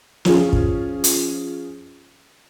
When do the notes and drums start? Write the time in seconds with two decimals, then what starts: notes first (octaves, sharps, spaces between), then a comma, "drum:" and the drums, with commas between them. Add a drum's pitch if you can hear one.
0.25 F3 C#4 F4 G#4, drum: snare
0.53 drum: kick
1.04 drum: hi-hat